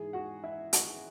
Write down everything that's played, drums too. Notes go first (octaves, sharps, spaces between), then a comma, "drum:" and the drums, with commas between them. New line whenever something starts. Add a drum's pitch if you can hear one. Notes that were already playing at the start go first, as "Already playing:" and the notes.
Already playing: G#2 E3 G#3 G#4 G#5
F#4 F#5
E4 E5
F#4 F#5, drum: hi-hat